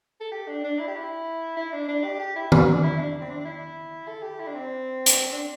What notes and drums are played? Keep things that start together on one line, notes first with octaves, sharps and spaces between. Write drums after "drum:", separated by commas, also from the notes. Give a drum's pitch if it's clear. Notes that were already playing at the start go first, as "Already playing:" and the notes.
A4
G4
D4
D4
E4
G4
E4
E4
D4
D4
G4
G4
E4
D4, drum: tom D#3
D4
E4
D4
C4
D4
D4
E4
A4
G4
E4
D4
C4
drum: hi-hat
D4